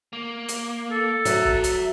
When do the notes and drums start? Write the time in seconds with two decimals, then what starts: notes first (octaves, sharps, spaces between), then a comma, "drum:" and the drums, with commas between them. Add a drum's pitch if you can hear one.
0.13 A#3
0.49 drum: hi-hat
0.91 A4
1.25 F#3 G#4 E5, drum: hi-hat
1.45 drum: kick
1.64 drum: hi-hat